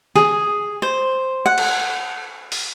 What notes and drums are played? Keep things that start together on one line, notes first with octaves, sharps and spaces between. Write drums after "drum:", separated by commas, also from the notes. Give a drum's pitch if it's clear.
G#4, drum: snare
C5
F#5
drum: cymbal
drum: open hi-hat